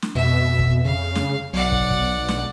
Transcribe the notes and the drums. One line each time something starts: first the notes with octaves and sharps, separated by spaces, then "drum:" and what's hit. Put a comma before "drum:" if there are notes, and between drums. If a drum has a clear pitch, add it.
drum: snare
F2 B2 E5
drum: kick
C#3 F5
drum: snare
B1 F#3 D5 F#5
drum: kick
drum: kick
drum: snare